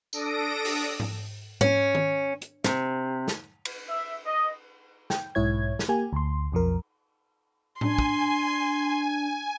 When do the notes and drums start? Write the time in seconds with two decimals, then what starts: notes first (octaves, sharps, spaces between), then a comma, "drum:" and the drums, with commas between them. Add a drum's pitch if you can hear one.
0.13 D4 A4 D#6 A#6 D7, drum: tambourine
0.65 drum: open hi-hat
1.00 drum: tom G#2
1.61 C#4, drum: tom G#2
1.95 drum: tom D#3
2.42 drum: hi-hat
2.64 C3, drum: snare
3.28 drum: snare
3.65 drum: cymbal
3.88 E5
4.26 D#5
5.10 G5, drum: snare
5.35 B1 G#2 E4 C#5 G#6
5.79 drum: snare
5.89 A#3 G4 G#5
6.13 D2 C6
6.52 B1 F2 F3 A#4
7.81 D4 G#5 C6, drum: tom A2
7.99 drum: kick